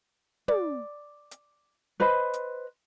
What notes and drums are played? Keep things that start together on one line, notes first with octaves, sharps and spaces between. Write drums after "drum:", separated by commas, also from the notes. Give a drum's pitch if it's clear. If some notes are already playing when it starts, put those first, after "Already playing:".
D5, drum: tom
drum: hi-hat
B4 C5 D#5 B5
drum: hi-hat